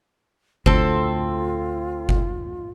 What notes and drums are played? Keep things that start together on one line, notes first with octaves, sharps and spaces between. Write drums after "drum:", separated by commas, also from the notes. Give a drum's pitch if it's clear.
D2 C4 F4 A4, drum: kick F#1
drum: kick F#1